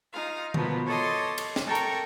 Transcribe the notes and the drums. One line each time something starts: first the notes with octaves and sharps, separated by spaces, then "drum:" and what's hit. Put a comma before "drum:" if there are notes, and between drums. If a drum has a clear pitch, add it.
D#4 F4 F5
B2 F3 A#3 B3, drum: tom D3
A4 C#5 D#5 C6 D6
drum: cymbal
drum: snare
A4 A#4 G5 A#5 C#6
drum: hi-hat